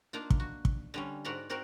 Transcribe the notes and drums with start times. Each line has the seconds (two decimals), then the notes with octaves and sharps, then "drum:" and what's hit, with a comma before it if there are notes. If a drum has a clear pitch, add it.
0.13 A#3 D4 D#4 F4
0.30 drum: kick
0.40 F#4
0.65 drum: kick
0.94 D3 G3 C#4
1.25 G#2 F#4 A#4 D5 A#5 B5
1.50 C4 F#4 A#4 C5 D5